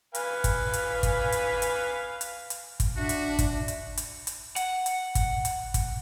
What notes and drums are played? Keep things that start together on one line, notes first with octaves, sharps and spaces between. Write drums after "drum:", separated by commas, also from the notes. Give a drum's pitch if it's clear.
B4 F5 G#5, drum: hi-hat
drum: kick, hi-hat
drum: hi-hat
drum: kick, hi-hat
drum: hi-hat
drum: hi-hat
drum: hi-hat
drum: hi-hat
drum: kick, hi-hat
D4 F#4 E5
drum: hi-hat
drum: kick, hi-hat
drum: hi-hat
drum: hi-hat
drum: hi-hat
F#5, drum: hi-hat
drum: hi-hat
drum: kick, hi-hat
drum: hi-hat
drum: kick, hi-hat